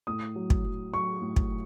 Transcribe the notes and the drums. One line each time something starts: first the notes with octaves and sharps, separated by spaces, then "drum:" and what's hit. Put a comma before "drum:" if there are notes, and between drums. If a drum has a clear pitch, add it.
A2 D#6
F#3
drum: kick
F#3
F#3 C#6
A2
drum: kick